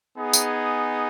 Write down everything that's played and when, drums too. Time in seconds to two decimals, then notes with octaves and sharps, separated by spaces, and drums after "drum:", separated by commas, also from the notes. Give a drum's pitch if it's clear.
0.16 B3 D#4 G#4
0.34 drum: tambourine